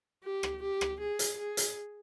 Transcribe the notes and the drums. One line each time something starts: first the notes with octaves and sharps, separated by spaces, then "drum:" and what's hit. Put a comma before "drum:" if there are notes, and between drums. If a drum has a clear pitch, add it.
G4
drum: rim click
G4
drum: rim click
G#4
drum: hi-hat
G#4
drum: hi-hat